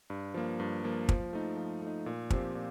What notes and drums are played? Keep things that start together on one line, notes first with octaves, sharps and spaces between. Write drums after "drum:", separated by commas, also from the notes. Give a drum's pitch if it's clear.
G2
F3 A#3
G2
F3 A#3
F3, drum: kick
A3 D#4
F3
A3 D#4
A#2
F3 C4 G4 C5, drum: kick
A#2